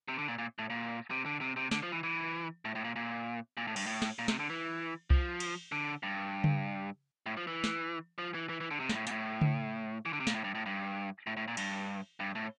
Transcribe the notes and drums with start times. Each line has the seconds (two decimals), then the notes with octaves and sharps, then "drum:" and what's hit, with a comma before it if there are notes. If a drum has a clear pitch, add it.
0.08 C3
0.19 D3
0.28 A#2
0.38 A#2
0.59 A2
0.70 A#2
1.11 C3
1.26 D3
1.41 C3
1.56 C3
1.71 D3, drum: snare
1.83 F3
1.92 E3
2.03 E3
2.65 A2
2.75 A2
2.84 A#2
2.96 A#2
3.57 A#2
3.67 A2
3.76 G2, drum: cymbal
3.87 A2
4.02 drum: snare
4.19 A#2
4.28 C3, drum: snare
4.39 D3
4.50 E3
5.10 F3, drum: kick C2
5.40 drum: cymbal
5.72 D3
6.03 G2
6.44 drum: tom C#3
7.26 A2
7.37 F3
7.47 E3
7.64 drum: snare
8.18 F3
8.34 E3
8.49 E3
8.60 E3
8.71 D3
8.80 C3
8.89 G2, drum: snare
8.95 A2
9.07 A#2, drum: hi-hat
9.11 A2
9.41 drum: tom C#3
10.06 E3
10.13 D3
10.20 C3
10.27 A#2, drum: snare
10.35 A2
10.44 G2
10.55 A2
10.66 G2
11.27 A2
11.37 A2
11.48 A#2
11.57 G2, drum: cymbal
12.20 G2
12.35 A2